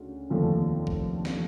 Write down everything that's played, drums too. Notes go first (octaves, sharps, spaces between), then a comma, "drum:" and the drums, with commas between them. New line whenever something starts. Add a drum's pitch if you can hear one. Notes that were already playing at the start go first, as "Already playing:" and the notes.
Already playing: D2 C#3
F1 D#2 D3 F3 A3
drum: kick
drum: snare